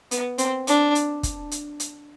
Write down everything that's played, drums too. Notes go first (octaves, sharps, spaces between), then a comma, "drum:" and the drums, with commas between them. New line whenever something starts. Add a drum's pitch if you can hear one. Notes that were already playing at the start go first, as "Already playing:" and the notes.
B3, drum: hi-hat
C4, drum: hi-hat
D4, drum: hi-hat
drum: hi-hat
drum: kick, hi-hat
drum: hi-hat
drum: hi-hat